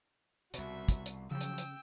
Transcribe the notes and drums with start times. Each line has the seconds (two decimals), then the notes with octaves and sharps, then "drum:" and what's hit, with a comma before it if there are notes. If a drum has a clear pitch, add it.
0.54 C2 B2 F#4 E5, drum: hi-hat
0.89 drum: kick, hi-hat
1.06 drum: hi-hat
1.31 C#3 F3 F#3 G5 E6
1.41 drum: hi-hat
1.58 drum: hi-hat